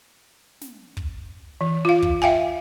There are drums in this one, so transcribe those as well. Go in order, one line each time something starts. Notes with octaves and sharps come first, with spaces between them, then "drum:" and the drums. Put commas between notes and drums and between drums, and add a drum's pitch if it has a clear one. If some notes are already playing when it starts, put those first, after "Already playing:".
drum: snare
drum: kick
E3
F4 F5
drum: kick
E5 F5 G5 G#5